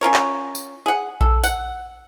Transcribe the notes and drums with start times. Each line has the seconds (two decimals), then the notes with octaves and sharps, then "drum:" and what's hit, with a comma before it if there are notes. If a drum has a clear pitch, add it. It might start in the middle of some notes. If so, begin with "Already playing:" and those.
0.01 C#4 F4 A#4 C#5
0.14 drum: clap
0.55 drum: tambourine
0.86 G#4 F#5
1.21 A4, drum: kick A#1
1.44 F#5, drum: tambourine